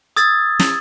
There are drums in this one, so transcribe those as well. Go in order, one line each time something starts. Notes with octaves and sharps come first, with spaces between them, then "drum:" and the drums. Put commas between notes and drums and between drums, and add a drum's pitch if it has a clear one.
D#6 E6 G#6 A6, drum: hi-hat
drum: snare